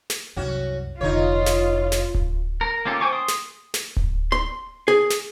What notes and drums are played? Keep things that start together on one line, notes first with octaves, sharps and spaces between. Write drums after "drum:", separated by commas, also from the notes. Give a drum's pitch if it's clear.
drum: snare
C2 F#2 C#4 F#4
F1 D3 D#4 F4 C#5
drum: snare
drum: snare
drum: kick D1
A#4
A#3 C#4 F4 G4 A4
C5 G5 G#5 C#6 D6
C6 D#6
drum: snare
drum: snare
drum: kick D1
C6
G#4
drum: snare